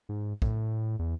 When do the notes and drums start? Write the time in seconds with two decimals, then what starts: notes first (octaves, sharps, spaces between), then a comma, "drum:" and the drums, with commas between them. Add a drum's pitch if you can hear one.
0.09 G#2
0.42 A2, drum: kick
0.99 E2